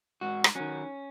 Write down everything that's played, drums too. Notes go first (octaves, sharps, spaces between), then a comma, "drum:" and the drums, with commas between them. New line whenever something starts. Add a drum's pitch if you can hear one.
G#2 F#4
drum: rim click
D#3 F#3 C#4